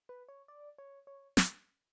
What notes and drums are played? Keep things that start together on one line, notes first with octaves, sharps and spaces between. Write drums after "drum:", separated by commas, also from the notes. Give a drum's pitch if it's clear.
B4
C#5
D5
C#5
C#5
drum: snare